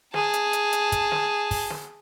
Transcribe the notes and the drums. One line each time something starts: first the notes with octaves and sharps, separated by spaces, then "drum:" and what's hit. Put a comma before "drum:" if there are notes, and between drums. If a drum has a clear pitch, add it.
G#4 A5, drum: snare
drum: hi-hat
drum: hi-hat
drum: hi-hat
drum: kick, hi-hat
drum: snare
drum: kick, open hi-hat
drum: snare